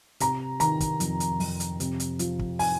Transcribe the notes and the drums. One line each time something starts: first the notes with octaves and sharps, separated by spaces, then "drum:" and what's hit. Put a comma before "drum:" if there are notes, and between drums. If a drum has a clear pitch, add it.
C3 A#5, drum: hi-hat
D#3 A#5, drum: hi-hat
drum: kick, hi-hat
F2, drum: hi-hat
drum: hi-hat
F2, drum: open hi-hat
drum: hi-hat
C3, drum: hi-hat
drum: hi-hat
F3, drum: hi-hat
drum: kick
G#5, drum: open hi-hat